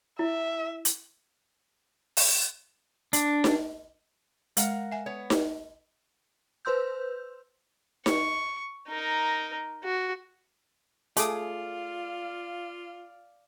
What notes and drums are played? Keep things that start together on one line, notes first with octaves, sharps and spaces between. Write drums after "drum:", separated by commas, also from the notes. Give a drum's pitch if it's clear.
E4 E5
drum: hi-hat
drum: open hi-hat
D4, drum: hi-hat
drum: snare D#4
G#3 A#4 F5 F#5, drum: hi-hat
E5 G#5
B3 C#5
drum: snare D#4
B4 C5 C6 E6 G6
C#6, drum: snare D#4
D#4 A#4
F#4
A3 F4 G#4 D5 F5 D6 D#6, drum: hi-hat